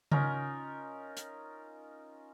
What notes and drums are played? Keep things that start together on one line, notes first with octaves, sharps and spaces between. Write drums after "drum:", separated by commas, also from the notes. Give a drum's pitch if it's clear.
C#4 D#4 F4 A#4, drum: tom C#3
drum: hi-hat